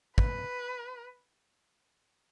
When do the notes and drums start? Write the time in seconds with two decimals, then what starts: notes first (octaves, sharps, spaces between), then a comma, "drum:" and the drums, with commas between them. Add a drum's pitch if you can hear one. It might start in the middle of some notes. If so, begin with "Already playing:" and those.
0.18 B4, drum: kick